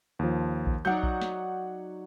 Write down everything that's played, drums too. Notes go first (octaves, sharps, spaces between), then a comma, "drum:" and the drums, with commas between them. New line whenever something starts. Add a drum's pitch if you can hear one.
D#2 F3
drum: kick A#1
F#3 D#4 D5 F#5 G6
drum: kick A#1
drum: snare